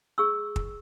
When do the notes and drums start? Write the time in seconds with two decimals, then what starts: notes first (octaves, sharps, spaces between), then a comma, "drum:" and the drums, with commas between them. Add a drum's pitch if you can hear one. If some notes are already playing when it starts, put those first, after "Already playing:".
0.18 G#4 C#6 E6
0.56 drum: kick